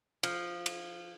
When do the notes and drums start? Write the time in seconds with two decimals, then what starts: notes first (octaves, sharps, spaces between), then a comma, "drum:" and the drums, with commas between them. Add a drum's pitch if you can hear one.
0.23 F3, drum: cymbal
0.66 drum: cymbal